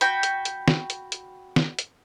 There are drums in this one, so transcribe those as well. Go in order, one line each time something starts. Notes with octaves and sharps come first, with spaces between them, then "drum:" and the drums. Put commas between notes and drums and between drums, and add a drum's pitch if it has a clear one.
F#4 G5 B5, drum: hi-hat
drum: hi-hat
drum: hi-hat
drum: snare
drum: hi-hat
drum: hi-hat
drum: snare
drum: hi-hat